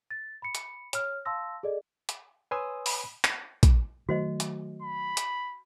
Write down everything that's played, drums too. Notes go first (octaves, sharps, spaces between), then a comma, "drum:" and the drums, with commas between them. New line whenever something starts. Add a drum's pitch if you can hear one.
A6
B5 C#7
drum: hi-hat
C#5 F6, drum: hi-hat
F5 A5 C6 E6 A#6
G#4 A4 D5 D#5
drum: hi-hat
B4 C#5 G#5 C6 D#6 E6
drum: open hi-hat
drum: clap
drum: kick, hi-hat
D#3 F#3 A3 F#4 C5 D#5
drum: hi-hat
B5
drum: hi-hat